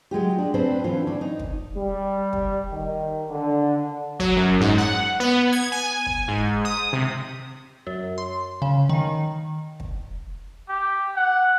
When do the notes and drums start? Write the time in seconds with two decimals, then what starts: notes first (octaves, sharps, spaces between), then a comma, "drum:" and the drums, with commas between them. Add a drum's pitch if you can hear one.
0.11 F#3 G#3 F4 G4
0.38 D4
0.54 C4 D4 B4 C5
0.84 D3 E3 C4 C#4 F4
1.07 C#4 D4
1.21 D#4
1.40 drum: kick
1.77 G3
2.33 drum: kick
2.71 D#3
3.30 D3
4.20 F#3, drum: kick
4.37 F#2
4.61 G#2
4.78 F#5
5.20 B3
5.52 G#6
5.72 G#5
6.06 drum: kick
6.28 G#2
6.65 D#6
6.93 C3
7.87 F#2
8.18 C6
8.62 C#3
8.89 D#3
9.80 drum: kick
10.69 G4
11.16 F#5